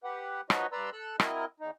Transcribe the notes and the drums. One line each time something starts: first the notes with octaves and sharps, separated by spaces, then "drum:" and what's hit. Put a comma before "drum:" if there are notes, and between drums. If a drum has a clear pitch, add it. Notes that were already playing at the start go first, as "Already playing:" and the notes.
G4 B4 F#5
F3 D#4 F#4 B4 C#5 D#5, drum: rim click
G2 B4 D5 A#5 C6 E6
A4 E6 F#6
F#3 C4 E4 A#4 D#5, drum: rim click
E2 D#4